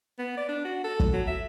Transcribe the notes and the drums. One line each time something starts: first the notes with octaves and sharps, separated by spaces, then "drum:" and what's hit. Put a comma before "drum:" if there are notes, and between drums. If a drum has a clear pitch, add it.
B3
D5
D4
F#4
A4
drum: kick
F#3
E5